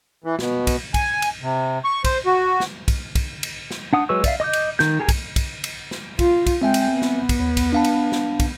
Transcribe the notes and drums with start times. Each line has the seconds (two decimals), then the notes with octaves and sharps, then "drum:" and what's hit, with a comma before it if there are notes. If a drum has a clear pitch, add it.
0.24 E3
0.39 B2, drum: snare
0.67 drum: kick, cymbal
0.94 G#5, drum: kick, cymbal
1.22 drum: cymbal
1.42 C3
1.84 C#6
2.04 C5, drum: kick, cymbal
2.26 F#4
2.60 drum: snare
2.88 drum: kick, cymbal
3.15 drum: kick, cymbal
3.43 drum: cymbal
3.71 drum: snare
3.93 D4 F#5 D#6
4.09 F#3 G#3 B4 C#6 E6
4.24 D5 E5 F5, drum: kick, cymbal
4.40 D#5 D6 D#6 G6
4.53 drum: cymbal
4.79 D#3 G6, drum: snare
4.99 G4 G#4 A#4 G#5
5.09 drum: kick, cymbal
5.36 drum: kick, cymbal
5.64 drum: cymbal
5.91 drum: snare
6.19 F4, drum: kick, cymbal
6.46 drum: kick, cymbal
6.62 G#3 C4 E5 G5 G#5
6.74 drum: cymbal
6.93 B3
7.02 drum: snare
7.29 drum: kick, cymbal
7.40 D#2
7.57 drum: kick, cymbal
7.73 D4 F5 A5
7.84 drum: cymbal
8.12 drum: snare
8.40 drum: kick, cymbal